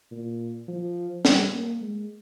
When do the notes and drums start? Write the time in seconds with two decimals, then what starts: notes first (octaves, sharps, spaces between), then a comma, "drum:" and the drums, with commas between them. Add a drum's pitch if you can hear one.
0.11 A#2
0.68 F3
1.25 G3, drum: snare
1.53 A#3
1.82 G#3